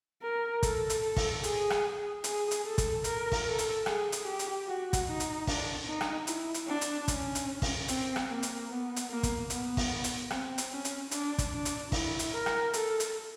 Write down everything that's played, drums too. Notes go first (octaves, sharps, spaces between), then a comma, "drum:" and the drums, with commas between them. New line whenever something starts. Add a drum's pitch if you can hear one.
A#4
A4, drum: kick, hi-hat
drum: hi-hat
A4
drum: kick, open hi-hat
G#4, drum: hi-hat
drum: rim click
G#4, drum: hi-hat
drum: hi-hat
A4
drum: kick, hi-hat
A#4, drum: hi-hat
drum: kick, open hi-hat
A4
drum: hi-hat
G#4, drum: rim click
drum: hi-hat
G4
drum: hi-hat
F#4
drum: kick, hi-hat
D#4
drum: hi-hat
D4, drum: kick, open hi-hat
D#4
drum: rim click
E4, drum: hi-hat
drum: hi-hat
D4
drum: hi-hat
C#4, drum: kick, hi-hat
drum: hi-hat
drum: kick, open hi-hat
C4, drum: hi-hat
drum: rim click
A#3
drum: hi-hat
B3
drum: hi-hat
A#3
drum: kick, hi-hat
B3, drum: hi-hat
drum: kick, open hi-hat
drum: hi-hat
C4, drum: rim click
drum: hi-hat
C#4
drum: hi-hat
D4, drum: hi-hat
drum: kick, hi-hat
D4
drum: hi-hat
E4, drum: kick, open hi-hat
drum: hi-hat
A#4
drum: rim click
A4, drum: hi-hat
drum: hi-hat